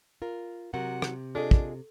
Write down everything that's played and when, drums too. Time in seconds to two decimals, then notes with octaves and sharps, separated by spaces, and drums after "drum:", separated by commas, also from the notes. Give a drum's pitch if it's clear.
0.22 F4 A#4
0.74 C3 F#3 F#4 A#4 F#5
1.02 drum: rim click
1.35 D4 F4 G#4 A4 D#5
1.51 drum: kick